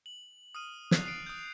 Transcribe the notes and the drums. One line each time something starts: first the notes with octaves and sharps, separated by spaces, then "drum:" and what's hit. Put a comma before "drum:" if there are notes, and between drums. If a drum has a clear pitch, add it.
F#7
D#6 F6 D#7
F#6 A6 C7 F7, drum: snare
C7 D7
D#6 G6